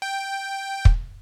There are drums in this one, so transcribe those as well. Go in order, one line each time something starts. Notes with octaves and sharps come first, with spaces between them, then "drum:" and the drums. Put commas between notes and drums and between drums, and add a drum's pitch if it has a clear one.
G5
drum: kick